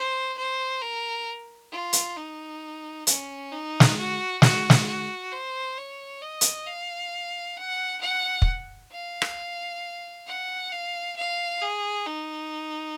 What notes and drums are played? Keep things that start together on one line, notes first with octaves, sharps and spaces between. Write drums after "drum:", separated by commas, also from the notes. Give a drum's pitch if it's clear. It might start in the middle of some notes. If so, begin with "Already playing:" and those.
Already playing: C5
C5
A#4
F4
drum: hi-hat
D#4
C#4, drum: hi-hat
D#4
drum: snare
F#4
F#4, drum: snare
drum: snare
F#4
C5
C#5
D#5
drum: hi-hat
F5
F#5
F#5
drum: kick
F5
drum: rim click
F#5
F5
F5
G#4
D#4